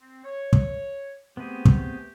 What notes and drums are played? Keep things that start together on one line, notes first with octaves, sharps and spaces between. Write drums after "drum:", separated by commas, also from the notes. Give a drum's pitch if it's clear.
C4
C#5
drum: kick
A3 B3 C4 G4 G#4
drum: kick